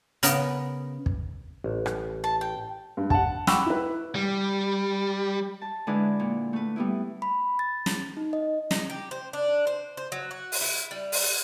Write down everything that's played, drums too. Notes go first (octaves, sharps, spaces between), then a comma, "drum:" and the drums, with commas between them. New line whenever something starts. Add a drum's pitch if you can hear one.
C#3 B3 A#4, drum: hi-hat
drum: kick
A1
drum: rim click
A5
G5
G2
F#5 A5, drum: kick
F#5 G5 B5 C#6 D6 E6, drum: snare
E4 B4
G3
A5
D3 G#3 D4 E4 G#4 B4
A#2
A3 B4
G3 B3 E4
B5
A6
drum: snare
D#4
D#5
D#4, drum: snare
G4
C5
D4
C5
C5
F#3
F#4
drum: open hi-hat
E4
G3
drum: open hi-hat